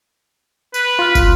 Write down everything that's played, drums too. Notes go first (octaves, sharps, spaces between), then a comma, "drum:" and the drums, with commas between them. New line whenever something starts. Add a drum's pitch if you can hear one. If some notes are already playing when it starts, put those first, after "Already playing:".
B4, drum: tambourine
F4 F6
drum: kick, tambourine